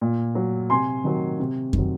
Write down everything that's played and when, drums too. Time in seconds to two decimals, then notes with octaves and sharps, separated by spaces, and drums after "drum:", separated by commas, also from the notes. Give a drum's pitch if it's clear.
0.01 A#2
0.35 F#3
0.70 C3 G#5 C6
1.04 D#3 F#3
1.39 C3
1.73 D#3 F#3, drum: kick F#2